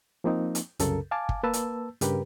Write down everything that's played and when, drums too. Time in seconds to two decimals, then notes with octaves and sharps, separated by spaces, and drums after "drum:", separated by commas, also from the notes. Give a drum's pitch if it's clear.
0.24 F3 A#3 C4 D#4
0.55 drum: hi-hat
0.79 C2 F#2 C#3 A4 A#4, drum: hi-hat
1.11 F5 G#5 A5 D6
1.29 drum: kick
1.43 A#3 B4 A5 E6
1.53 drum: hi-hat
2.01 G2 C#3 G4 A#4 B4, drum: hi-hat